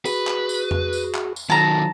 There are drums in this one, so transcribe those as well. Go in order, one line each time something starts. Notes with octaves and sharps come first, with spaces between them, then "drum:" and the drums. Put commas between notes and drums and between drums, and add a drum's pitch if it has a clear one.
F#4 G#4 B4, drum: tambourine
drum: clap
drum: tambourine
drum: tom F2
drum: tambourine
drum: clap
drum: tambourine
D#3 F#3 A5 A#5